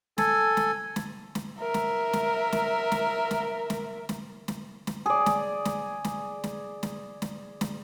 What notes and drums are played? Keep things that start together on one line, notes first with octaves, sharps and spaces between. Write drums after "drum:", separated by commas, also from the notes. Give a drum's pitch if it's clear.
A4 G#5, drum: snare
drum: snare
drum: snare
drum: snare
A#4 E5
drum: snare
drum: snare
drum: snare
drum: snare
drum: snare
drum: snare
drum: snare
drum: snare
drum: snare
G#4 D5
drum: snare
drum: snare
drum: snare
drum: snare
drum: snare
drum: snare
drum: snare